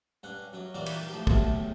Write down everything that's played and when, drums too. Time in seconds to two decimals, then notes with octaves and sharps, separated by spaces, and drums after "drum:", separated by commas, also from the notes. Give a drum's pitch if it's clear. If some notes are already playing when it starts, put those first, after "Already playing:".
0.23 G2 C#4 F#5
0.53 F#2 C#4
0.74 E3 G3 A#3 F#4 A#4 D5
0.86 drum: cymbal
1.09 A2 F3 G4
1.27 B1 C3 A3 G#4, drum: kick